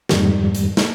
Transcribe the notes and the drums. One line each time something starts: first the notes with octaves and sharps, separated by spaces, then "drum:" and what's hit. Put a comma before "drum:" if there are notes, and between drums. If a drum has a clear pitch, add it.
F2 G#2 D#3 G3, drum: snare
drum: hi-hat
drum: snare